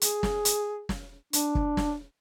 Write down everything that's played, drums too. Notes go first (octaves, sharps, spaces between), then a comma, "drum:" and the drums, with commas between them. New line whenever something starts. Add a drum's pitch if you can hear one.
G#4, drum: hi-hat
drum: snare
drum: hi-hat
drum: snare
D4, drum: hi-hat
drum: kick
drum: snare